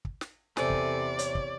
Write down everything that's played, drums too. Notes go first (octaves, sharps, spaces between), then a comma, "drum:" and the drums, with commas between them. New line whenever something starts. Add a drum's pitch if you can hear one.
drum: kick
drum: snare
E2 C3 A4 C5 D5 G#5, drum: snare
drum: kick
C#5, drum: hi-hat
drum: kick